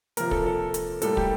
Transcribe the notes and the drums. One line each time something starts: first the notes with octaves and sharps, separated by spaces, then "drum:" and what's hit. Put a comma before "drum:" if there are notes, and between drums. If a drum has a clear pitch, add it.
C3 F3 A#3 A#4, drum: hi-hat
A4, drum: kick
A4
drum: hi-hat
A2 G3 A#3 A4, drum: hi-hat
G4, drum: kick